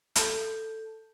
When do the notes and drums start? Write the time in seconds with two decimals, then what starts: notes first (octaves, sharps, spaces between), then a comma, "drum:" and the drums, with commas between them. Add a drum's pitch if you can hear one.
0.16 A4 A5 G6, drum: hi-hat